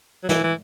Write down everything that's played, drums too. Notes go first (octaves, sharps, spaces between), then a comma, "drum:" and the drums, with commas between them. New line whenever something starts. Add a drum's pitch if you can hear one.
F#3
E3, drum: snare
E3